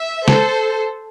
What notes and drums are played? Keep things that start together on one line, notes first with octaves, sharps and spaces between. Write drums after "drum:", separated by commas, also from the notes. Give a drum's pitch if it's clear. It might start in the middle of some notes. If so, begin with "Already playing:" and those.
Already playing: E5
A4 C5, drum: snare